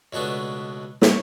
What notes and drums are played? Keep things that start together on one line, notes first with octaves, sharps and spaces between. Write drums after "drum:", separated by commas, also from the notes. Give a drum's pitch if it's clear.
C#2 B2 A3 B3 D4
A1, drum: snare